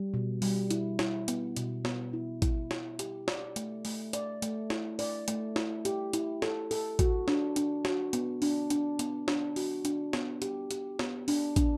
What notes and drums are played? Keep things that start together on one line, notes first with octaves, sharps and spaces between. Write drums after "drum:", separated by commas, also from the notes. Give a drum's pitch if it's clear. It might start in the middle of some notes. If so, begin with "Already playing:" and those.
Already playing: G3
B2
G3, drum: open hi-hat
E4, drum: hi-hat
E4, drum: snare
B3, drum: hi-hat
B2, drum: hi-hat
B3, drum: snare
E4
E4, drum: kick, hi-hat
E4, drum: snare
G4, drum: hi-hat
D5, drum: snare
A3, drum: hi-hat
A3, drum: open hi-hat
D5, drum: hi-hat
A3, drum: hi-hat
E4, drum: snare
D5, drum: open hi-hat
A3, drum: hi-hat
E4, drum: snare
G4, drum: hi-hat
E4, drum: hi-hat
A4, drum: snare
A4, drum: open hi-hat
F#4, drum: kick, hi-hat
D4, drum: snare
D4, drum: hi-hat
F#4, drum: snare
B3, drum: hi-hat
D4, drum: open hi-hat
D4, drum: hi-hat
B3, drum: hi-hat
D4, drum: snare
F#4, drum: open hi-hat
D4, drum: hi-hat
B3, drum: snare
G4, drum: hi-hat
G4, drum: hi-hat
B3, drum: snare
D4, drum: open hi-hat
D4, drum: kick, hi-hat